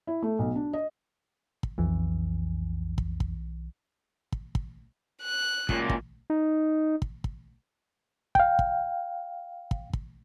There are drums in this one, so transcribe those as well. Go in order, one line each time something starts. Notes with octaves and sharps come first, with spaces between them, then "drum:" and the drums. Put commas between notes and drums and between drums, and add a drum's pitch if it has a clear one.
E4
A3
B1
D4
D#5
drum: kick
B1 F2 E3
drum: kick
drum: kick
drum: kick
drum: kick
F#6
C#2 A#2, drum: kick
drum: kick
D#4
drum: kick
drum: kick
F5 G5, drum: kick
drum: kick
drum: kick
drum: kick